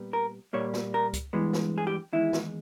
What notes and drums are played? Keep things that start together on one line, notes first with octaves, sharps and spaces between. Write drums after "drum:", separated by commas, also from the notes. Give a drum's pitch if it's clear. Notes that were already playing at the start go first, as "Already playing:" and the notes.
Already playing: A#2 G3 B3
A#4
A#2 G3 A#3 C#5
drum: snare
A#4
drum: kick C#2, hi-hat
G2 E3 G#3 B3
drum: snare
G#4
G4
E2 D#3 G#3 E4
drum: snare